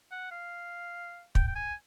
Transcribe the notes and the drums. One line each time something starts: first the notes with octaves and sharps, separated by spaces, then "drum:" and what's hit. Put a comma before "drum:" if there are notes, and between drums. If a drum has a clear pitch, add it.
F#5
F5
G5, drum: kick
G5
G#5